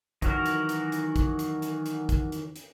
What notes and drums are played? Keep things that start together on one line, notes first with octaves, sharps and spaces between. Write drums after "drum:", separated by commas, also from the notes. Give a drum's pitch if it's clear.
D#3 E3 F#3 F#4 A#4, drum: kick, hi-hat
drum: hi-hat
drum: hi-hat
drum: hi-hat
drum: kick, hi-hat
drum: hi-hat
drum: hi-hat
drum: hi-hat
drum: kick, hi-hat
drum: hi-hat
drum: hi-hat